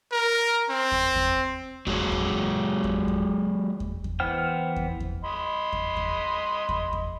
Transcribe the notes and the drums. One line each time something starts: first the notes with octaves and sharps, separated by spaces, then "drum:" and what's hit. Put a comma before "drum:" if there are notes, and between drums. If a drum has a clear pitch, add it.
A#4
C4
drum: kick E2
drum: kick E2
F#3 G#3 F#4 G#4 C#5, drum: kick E2
drum: kick E2
drum: kick E2
drum: kick E2
drum: kick E2
drum: kick E2
E3 B3 C5 G5 F6
drum: kick E2
drum: kick E2
D#5 B5 C6
drum: kick E2
drum: kick E2
drum: kick E2
drum: kick E2